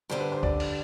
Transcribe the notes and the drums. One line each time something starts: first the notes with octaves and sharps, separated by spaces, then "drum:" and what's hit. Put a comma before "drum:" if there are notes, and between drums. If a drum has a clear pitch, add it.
G2 D3 G3 C5
B4
C5
D5, drum: kick C#2
drum: cymbal